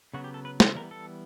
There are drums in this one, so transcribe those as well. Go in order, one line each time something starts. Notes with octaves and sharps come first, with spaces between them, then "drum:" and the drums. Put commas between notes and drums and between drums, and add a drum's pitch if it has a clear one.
C#3 F#3 B3 F#4
G4
A4
B4
B4, drum: snare
E3 G3 B3 A#4
A4